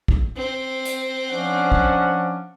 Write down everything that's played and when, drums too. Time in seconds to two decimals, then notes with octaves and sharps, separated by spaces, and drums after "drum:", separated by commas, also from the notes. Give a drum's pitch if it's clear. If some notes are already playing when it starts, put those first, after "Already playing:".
0.08 drum: kick
0.37 C4
0.85 drum: hi-hat
1.29 F3 C#4 D4 F#5
1.72 drum: kick